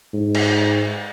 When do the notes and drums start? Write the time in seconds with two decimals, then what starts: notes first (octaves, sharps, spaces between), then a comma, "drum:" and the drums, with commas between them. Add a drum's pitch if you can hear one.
0.14 G#2
0.35 drum: cymbal